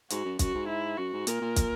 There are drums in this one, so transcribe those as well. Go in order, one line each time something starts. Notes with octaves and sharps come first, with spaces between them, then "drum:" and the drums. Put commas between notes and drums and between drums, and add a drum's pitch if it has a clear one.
G#2 F#4, drum: hi-hat
F#2
F#2 F#4, drum: kick, hi-hat
G#2
E4
F#2 F#4
G#2
A#2 A#4, drum: hi-hat
A#2
drum: kick, hi-hat